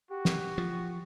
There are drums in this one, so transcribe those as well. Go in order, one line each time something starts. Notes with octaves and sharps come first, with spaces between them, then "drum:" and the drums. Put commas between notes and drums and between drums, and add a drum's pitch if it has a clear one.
F#4 G4
drum: snare
F3